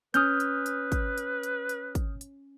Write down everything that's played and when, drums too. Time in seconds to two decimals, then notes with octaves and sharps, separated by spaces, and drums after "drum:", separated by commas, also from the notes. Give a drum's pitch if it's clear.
0.14 C#4 B4 D#6 F6 G6, drum: hi-hat
0.40 drum: hi-hat
0.66 drum: hi-hat
0.92 drum: kick, hi-hat
1.18 drum: hi-hat
1.43 drum: hi-hat
1.69 drum: hi-hat
1.95 drum: kick, hi-hat
2.21 drum: hi-hat